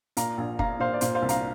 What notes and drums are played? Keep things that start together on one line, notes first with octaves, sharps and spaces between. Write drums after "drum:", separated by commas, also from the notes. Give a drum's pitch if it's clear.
A#2 F5 A#5, drum: hi-hat
A#1
A#2 F5 A#5, drum: kick
A#2 C5 F5
D5
A#2 C5 F5, drum: hi-hat
C5 F5
C2
F5 A#5, drum: hi-hat